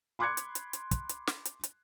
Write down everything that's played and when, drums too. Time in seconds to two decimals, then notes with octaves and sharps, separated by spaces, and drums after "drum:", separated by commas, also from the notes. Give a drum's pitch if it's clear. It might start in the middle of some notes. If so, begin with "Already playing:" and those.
0.19 B5 C6 D6 F#6 G#6 C#7
0.37 drum: hi-hat
0.55 drum: hi-hat
0.73 drum: hi-hat
0.91 drum: kick, hi-hat
1.09 drum: hi-hat
1.27 drum: snare
1.45 drum: hi-hat
1.64 drum: hi-hat